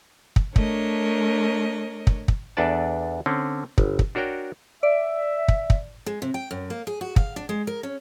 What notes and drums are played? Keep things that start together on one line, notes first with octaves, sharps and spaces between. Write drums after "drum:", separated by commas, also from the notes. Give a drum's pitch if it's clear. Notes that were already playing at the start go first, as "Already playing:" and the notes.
drum: kick
A3 D4 A#4 C#5 D#5, drum: kick
drum: kick
drum: kick
E2 D4 A4 B4 D5 A5
D3 C4 C#4
G1, drum: kick
drum: kick
D4 F#4 A#4 C#5 G5
D5 E5
drum: kick
drum: kick
G#3
C3
G5
F#2
A#3
G#4
F#4
F5, drum: kick
D4
G#3
A#4
C#4